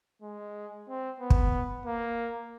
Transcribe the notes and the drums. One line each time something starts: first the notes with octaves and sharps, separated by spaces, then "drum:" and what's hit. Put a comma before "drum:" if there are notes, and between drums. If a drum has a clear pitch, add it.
G#3
C4
B3
drum: kick
A#3